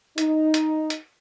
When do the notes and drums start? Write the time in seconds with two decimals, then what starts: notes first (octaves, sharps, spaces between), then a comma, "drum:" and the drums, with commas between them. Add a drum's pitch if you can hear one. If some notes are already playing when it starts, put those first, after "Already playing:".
0.18 D#4, drum: hi-hat
0.54 drum: hi-hat
0.90 drum: hi-hat